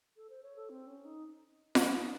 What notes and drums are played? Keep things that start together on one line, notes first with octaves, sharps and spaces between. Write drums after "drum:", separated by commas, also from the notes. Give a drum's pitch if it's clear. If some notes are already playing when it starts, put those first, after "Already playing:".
A4
C5
C#5
A4
C4
C#4
D#4
F#4, drum: snare F4
D#4